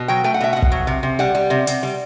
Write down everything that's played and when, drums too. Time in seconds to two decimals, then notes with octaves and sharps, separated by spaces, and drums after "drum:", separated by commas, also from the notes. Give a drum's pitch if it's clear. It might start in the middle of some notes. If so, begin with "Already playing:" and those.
Already playing: B2
0.08 F#3 G5
0.24 A3 G5
0.34 F#5
0.41 B2 E5
0.53 B2 F#5
0.62 drum: kick
0.72 F#3
0.87 C3
1.03 C3
1.19 G3 F#5
1.35 G3
1.50 C3
1.67 C3, drum: hi-hat
1.83 G3